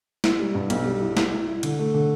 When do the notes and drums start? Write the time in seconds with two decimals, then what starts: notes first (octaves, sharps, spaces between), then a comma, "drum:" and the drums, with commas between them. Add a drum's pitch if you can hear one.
0.24 E4, drum: snare
0.39 G3
0.55 G2
0.70 B1, drum: cymbal
0.85 G3
1.01 E4
1.17 E4, drum: snare
1.32 E4
1.47 E4
1.63 D3, drum: cymbal
1.79 A3
1.94 D3